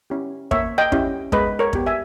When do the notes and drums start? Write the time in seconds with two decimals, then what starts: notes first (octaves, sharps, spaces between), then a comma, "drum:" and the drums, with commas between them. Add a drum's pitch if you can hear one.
0.10 C#4 E4 G4
0.51 A#3 C#5 E5, drum: kick
0.78 D#5 G5
0.92 C#4 E4 G4, drum: kick
1.32 G#3 B4 D#5, drum: kick
1.59 A#4 C#5
1.73 B3 G4, drum: kick
1.86 E5 G#5